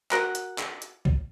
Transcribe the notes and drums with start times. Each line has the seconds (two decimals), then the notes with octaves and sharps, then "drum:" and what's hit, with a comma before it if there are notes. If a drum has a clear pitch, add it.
0.11 F#4 A#4 F#5, drum: clap
0.35 drum: hi-hat
0.58 drum: clap
0.82 drum: hi-hat
1.05 drum: kick